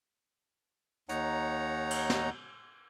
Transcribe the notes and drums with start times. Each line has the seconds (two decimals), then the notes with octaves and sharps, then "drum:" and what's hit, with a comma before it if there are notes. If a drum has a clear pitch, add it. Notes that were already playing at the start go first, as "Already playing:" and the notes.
1.09 D#2 D#4 C#5 F#5 A#5, drum: hi-hat
1.90 drum: cymbal
2.10 drum: snare